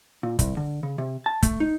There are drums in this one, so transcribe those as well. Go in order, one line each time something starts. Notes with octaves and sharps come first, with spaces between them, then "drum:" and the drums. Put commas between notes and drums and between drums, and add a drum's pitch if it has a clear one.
A#2
C2, drum: kick, hi-hat
D3
C#3
C3
A5
A3, drum: kick, hi-hat
D#4